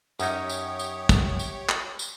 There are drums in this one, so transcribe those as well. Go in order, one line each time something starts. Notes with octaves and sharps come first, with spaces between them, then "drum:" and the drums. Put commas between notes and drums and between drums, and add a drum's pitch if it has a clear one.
F#2 C#4 D#4 G4 C#5 D#6, drum: tambourine
drum: tambourine
drum: tambourine
drum: kick, tambourine
drum: tambourine
drum: clap
drum: tambourine